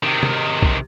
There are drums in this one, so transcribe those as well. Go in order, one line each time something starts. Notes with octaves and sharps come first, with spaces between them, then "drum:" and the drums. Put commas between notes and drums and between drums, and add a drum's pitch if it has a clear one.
C3 D#3
drum: tom
drum: kick